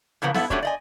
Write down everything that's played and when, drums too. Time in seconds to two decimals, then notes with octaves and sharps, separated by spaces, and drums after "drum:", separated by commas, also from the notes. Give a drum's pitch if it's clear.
0.22 A2 C#3 F3 A#3 B3
0.34 G2 B3 E4 A4 B4 F#5, drum: snare B3
0.50 F#3 G3 A3 C#4 D4 C#5, drum: kick
0.62 D5 D#5 G#5